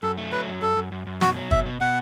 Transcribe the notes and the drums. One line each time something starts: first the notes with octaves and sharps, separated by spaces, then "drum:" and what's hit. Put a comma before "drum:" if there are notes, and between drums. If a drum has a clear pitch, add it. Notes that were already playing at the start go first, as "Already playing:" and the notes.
F#2 A4
A3
F#3 B4
F#2
F#2 A4
F#2
F#2
F#2
B2 F#4, drum: snare
F#3
B2 E5, drum: kick
B2
B2 F#5